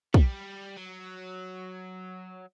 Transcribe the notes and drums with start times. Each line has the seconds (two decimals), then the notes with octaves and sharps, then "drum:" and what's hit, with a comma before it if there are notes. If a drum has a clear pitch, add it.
0.14 G3, drum: kick
0.77 F#3